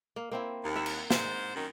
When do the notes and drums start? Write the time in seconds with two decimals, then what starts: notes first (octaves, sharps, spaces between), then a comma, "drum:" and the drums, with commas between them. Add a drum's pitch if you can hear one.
0.16 A#3
0.31 A#3 C4 E4
0.64 D#2
0.76 A#4 E5 F#5
0.86 drum: cymbal
1.11 G#2 C5, drum: snare
1.54 F#2 D#3